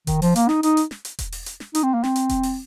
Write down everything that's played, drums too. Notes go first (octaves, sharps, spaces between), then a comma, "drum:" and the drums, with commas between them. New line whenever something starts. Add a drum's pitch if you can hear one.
D#3, drum: kick E1, hi-hat
F3, drum: open hi-hat
A#3, drum: hi-hat
D#4, drum: snare
D#4, drum: hi-hat
drum: hi-hat
drum: snare
drum: hi-hat
drum: kick E1, hi-hat
drum: open hi-hat
drum: hi-hat
drum: snare
D#4, drum: hi-hat
C4
A#3
C4, drum: snare
drum: hi-hat
drum: kick E1, hi-hat
drum: open hi-hat